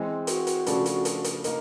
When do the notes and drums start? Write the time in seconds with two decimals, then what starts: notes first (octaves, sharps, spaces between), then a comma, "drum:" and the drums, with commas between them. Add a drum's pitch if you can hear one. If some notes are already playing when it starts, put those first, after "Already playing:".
Already playing: E3 G#3 C4
0.27 F#4, drum: hi-hat
0.47 drum: hi-hat
0.66 C#3 F3 A3 D4, drum: hi-hat
0.86 drum: hi-hat
1.05 drum: hi-hat
1.24 drum: hi-hat
1.44 A#3 D#4, drum: hi-hat